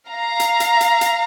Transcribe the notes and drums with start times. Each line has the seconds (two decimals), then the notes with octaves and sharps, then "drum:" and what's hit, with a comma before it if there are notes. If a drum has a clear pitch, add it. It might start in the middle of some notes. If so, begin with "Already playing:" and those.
0.09 F5 A#5
0.40 drum: hi-hat
0.60 drum: hi-hat
0.81 drum: hi-hat
1.01 drum: hi-hat